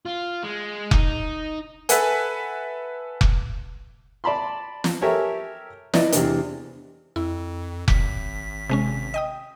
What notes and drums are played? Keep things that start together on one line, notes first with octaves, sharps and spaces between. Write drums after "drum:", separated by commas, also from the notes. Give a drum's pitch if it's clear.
F4
G#3
D#4, drum: kick F1
A4 B4 E5 F#5 G#5, drum: hi-hat
drum: kick F1
D5 A5 B5 C6
drum: snare
G4 A4 A#4 C#5 E5 G#5
E4 B4 D5 D#5, drum: snare
E2 C3 D4, drum: hi-hat
F2 E4
G#1 B6, drum: kick F1
C3 G#3 C#4
D#5 G5 D#6